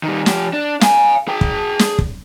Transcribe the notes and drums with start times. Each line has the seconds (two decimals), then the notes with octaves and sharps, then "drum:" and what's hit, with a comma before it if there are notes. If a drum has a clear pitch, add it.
0.03 D#3 G3
0.26 F3 G4, drum: snare
0.53 D4
0.81 F5 G#5, drum: snare
1.28 G#4 G5
1.41 drum: kick
1.79 drum: snare
1.99 drum: kick